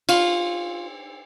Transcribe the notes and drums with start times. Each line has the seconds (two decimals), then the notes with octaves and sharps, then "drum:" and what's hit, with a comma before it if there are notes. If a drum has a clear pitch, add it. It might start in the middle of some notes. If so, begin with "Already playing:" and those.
0.09 F4, drum: cymbal